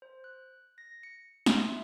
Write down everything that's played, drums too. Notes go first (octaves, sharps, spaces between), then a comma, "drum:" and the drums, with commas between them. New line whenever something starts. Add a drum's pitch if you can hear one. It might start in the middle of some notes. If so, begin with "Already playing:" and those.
C5
F#6
A#6
C#7
C6, drum: snare
E5